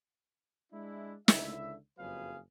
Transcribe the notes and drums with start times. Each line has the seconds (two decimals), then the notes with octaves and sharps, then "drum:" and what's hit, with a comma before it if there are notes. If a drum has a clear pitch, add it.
0.72 G#3 D4 E4
1.28 C#2 D3 E4 E5, drum: snare
1.98 F#1 F2 F#3 G#4 B4 F5